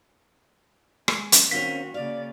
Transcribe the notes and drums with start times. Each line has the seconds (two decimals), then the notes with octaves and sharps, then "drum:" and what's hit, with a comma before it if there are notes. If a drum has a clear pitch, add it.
1.08 G#3 G#5, drum: rim click
1.32 drum: hi-hat
1.51 D#3 A#3 C4 C#4 F#4 B6
1.94 C#3 A#3 D5 F5